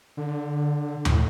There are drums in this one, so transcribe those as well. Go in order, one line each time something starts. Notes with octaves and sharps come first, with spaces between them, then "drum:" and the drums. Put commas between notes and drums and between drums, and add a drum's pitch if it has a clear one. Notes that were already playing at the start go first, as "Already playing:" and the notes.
D3
A2, drum: tom D#2